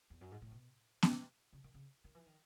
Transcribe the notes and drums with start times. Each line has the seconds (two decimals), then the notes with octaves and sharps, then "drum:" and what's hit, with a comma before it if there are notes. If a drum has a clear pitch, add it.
0.10 E2
0.21 F#2
0.31 G#2
0.42 A2
0.51 B2
1.03 B2, drum: snare B3
1.53 C#3
1.64 D#3
1.74 C#3
2.04 D#3
2.15 E3
2.26 D#3